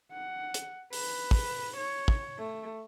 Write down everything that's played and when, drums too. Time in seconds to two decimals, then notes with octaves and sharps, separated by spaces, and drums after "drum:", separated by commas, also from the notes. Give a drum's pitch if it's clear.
0.12 F#5
0.54 drum: hi-hat
0.93 B4, drum: open hi-hat
1.31 drum: kick, open hi-hat
1.77 C#5
2.08 drum: kick
2.38 A3